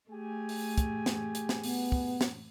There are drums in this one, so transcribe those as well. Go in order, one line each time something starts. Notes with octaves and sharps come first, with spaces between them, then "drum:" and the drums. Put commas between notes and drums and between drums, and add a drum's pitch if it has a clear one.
A3 G4 G#4 G#5
drum: open hi-hat
drum: kick, hi-hat
drum: snare
drum: hi-hat
drum: snare
B3, drum: open hi-hat
drum: kick
drum: snare